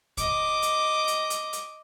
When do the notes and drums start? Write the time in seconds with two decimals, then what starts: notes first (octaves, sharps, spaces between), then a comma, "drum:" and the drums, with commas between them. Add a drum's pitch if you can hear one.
0.17 D#5 D6, drum: kick C2, hi-hat
0.62 drum: hi-hat
1.08 drum: hi-hat
1.30 drum: hi-hat
1.53 drum: hi-hat